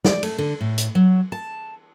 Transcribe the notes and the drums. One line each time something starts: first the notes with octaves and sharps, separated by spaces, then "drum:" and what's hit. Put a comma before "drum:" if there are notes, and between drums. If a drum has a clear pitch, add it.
D5, drum: snare
A3, drum: cymbal
D3
A2
drum: hi-hat
F#3
A5